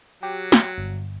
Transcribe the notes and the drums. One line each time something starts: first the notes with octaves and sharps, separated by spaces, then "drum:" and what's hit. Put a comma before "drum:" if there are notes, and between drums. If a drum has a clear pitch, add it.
F#3 G4
drum: snare
G1